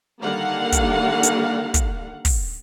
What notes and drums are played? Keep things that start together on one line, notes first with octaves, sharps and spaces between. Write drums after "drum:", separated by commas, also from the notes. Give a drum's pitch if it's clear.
D3 D#3 G3 A#3 F5 F#5
drum: kick, hi-hat
drum: hi-hat
drum: kick, hi-hat
drum: kick, open hi-hat